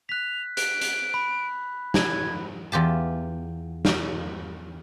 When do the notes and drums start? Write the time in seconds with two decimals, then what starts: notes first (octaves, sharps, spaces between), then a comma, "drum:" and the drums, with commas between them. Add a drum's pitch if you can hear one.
0.09 F#6 B6 F7
0.57 F#6 D7, drum: hi-hat
0.81 drum: hi-hat
1.14 B5
1.94 G#6, drum: snare
2.72 E2 F4 G4 A5
3.85 drum: snare